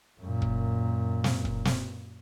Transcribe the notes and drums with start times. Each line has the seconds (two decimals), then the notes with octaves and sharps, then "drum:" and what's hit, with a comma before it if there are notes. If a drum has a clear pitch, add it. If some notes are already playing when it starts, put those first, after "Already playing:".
0.21 F#2 A#2
0.42 drum: kick
1.24 drum: snare
1.45 drum: kick
1.65 drum: snare